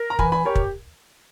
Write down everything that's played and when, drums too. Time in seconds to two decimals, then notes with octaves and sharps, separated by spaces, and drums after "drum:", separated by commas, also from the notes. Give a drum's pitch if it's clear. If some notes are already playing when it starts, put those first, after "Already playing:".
Already playing: A#4
0.10 A#5
0.19 E3 G#5 B5, drum: kick
0.32 G#5 B5
0.45 G4 A#4 C#5
0.55 drum: kick